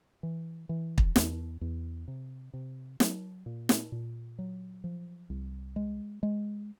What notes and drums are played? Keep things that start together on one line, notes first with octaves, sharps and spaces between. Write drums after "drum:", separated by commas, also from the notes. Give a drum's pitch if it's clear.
E3
E3
drum: kick
E2, drum: snare
E2
C3
C3
F#3, drum: snare
A#2
drum: snare
A#2
F#3
F3
C2
G#3
G#3